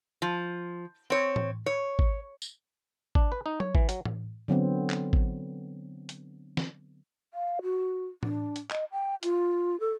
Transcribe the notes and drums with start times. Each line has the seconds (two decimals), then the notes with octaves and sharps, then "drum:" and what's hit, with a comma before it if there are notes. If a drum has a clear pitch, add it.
0.22 F3
1.10 C4 C#5
1.36 drum: tom A2
1.66 C#5
1.99 drum: kick G#1
2.42 drum: tambourine
3.15 D4, drum: kick G#1
3.32 B4
3.46 D#4
3.60 C#5, drum: tom F#3
3.75 E3, drum: kick G#1
3.89 F#3, drum: hi-hat
4.05 drum: tom A2
4.48 D3 F#3 B3 C4
4.90 drum: clap
5.13 drum: kick G#1
6.09 drum: hi-hat
6.57 drum: snare
7.34 F5
7.63 F#4
8.23 D4, drum: tom A2
8.56 drum: hi-hat
8.71 D#5, drum: clap
8.92 G5
9.23 F4, drum: hi-hat
9.80 A4